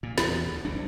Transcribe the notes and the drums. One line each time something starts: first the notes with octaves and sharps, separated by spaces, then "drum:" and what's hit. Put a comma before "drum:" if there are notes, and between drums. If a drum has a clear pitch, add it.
A#2
E2 B2, drum: snare
D2
F#1 C2 A#2 D4